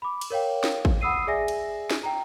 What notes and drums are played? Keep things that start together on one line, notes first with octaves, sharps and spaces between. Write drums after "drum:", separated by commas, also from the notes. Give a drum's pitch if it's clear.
B5 D6
drum: cymbal
A#4 C#5 F5 G5
drum: snare
drum: kick
F#5 B5 D#6 E6 C7 D#7
G#4 D5 E5 G#5 A#6
drum: cymbal
drum: snare
G5 A#5